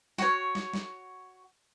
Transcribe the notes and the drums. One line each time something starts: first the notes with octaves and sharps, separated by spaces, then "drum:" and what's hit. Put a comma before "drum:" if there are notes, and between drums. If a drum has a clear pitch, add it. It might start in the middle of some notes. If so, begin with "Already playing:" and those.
F#4 C#5, drum: snare
drum: snare
drum: snare